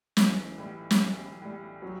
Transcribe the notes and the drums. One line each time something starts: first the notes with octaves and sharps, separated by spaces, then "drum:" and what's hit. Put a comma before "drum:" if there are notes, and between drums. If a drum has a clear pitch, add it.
B1 E3, drum: snare
A2 G3
drum: snare
B1
A2 G3
F#3